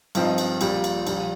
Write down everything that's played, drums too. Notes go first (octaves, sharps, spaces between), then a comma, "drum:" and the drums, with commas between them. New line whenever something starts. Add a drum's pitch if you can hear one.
G2 F3 C4 D#4, drum: cymbal
drum: cymbal
A#1 A#2 G3, drum: cymbal
drum: cymbal
A#1 A#2 G3, drum: cymbal